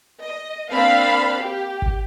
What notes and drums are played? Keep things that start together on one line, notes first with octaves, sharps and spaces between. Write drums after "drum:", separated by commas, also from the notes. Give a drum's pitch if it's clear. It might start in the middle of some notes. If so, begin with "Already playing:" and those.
D#5
A#3 C4 D4 F5 B5
G4
drum: kick G#1